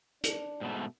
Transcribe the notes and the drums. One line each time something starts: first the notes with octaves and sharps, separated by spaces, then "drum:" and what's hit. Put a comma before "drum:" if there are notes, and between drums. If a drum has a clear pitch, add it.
D4, drum: hi-hat
G#2 B2 A3